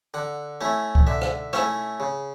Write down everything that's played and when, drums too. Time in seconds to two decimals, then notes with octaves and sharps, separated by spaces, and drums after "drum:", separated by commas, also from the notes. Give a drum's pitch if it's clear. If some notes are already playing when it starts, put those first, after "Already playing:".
0.14 D3 F#5
0.61 A3 C#4 E4
0.95 drum: kick C#2
1.07 D3 E5
1.21 drum: rim click
1.53 A3 C#4 E4 C#5, drum: rim click
2.00 C#3